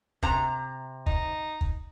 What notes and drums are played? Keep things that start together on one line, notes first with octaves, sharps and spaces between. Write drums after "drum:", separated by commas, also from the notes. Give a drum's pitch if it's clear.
C3 A#5, drum: kick
D#4, drum: kick
drum: kick